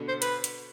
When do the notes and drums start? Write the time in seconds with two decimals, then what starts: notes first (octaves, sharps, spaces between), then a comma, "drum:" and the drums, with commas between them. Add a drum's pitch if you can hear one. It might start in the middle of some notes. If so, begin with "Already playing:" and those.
Already playing: B2 D3
0.08 C5
0.22 B4, drum: hi-hat
0.44 drum: hi-hat